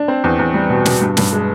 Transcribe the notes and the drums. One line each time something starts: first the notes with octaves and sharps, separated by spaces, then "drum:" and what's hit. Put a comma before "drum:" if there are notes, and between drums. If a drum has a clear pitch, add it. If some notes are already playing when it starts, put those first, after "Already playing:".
Already playing: D4
C4
E2
E2
G3
B2
B2, drum: snare
G2
G2, drum: snare
G#3